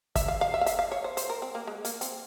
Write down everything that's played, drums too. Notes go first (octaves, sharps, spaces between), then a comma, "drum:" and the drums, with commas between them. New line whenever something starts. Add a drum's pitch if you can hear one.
E5, drum: kick, hi-hat
F5
F5
E5
F5
E5, drum: hi-hat
F5
C#5
C5
C5, drum: hi-hat
A#4
C4
A#3
G#3
A#3, drum: hi-hat
C4, drum: hi-hat